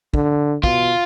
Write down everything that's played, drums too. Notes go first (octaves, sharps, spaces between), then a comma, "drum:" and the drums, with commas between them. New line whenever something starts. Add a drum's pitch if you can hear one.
D3, drum: kick
B2 F4, drum: kick